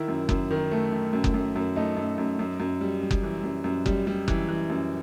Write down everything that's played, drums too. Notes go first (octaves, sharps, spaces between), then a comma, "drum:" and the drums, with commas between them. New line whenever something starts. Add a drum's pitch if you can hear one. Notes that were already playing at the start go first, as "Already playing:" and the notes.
Already playing: D#3 E4
F#2
F#2, drum: kick F#1
D#3
A3
D#3
F#2
drum: kick F#1
F#2
F#2
A3 D#4
F#2
F#2
F#2
F#2
G3
G3
drum: kick F#1
E3
F#2
F#2
G3, drum: kick F#1
G3
E3, drum: kick F#1
E3
F#2